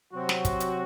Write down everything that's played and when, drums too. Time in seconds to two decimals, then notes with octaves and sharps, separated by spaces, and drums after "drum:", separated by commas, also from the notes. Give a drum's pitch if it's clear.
0.13 C3 F#3 C4 F#4
0.29 drum: snare
0.45 drum: kick, hi-hat
0.60 drum: hi-hat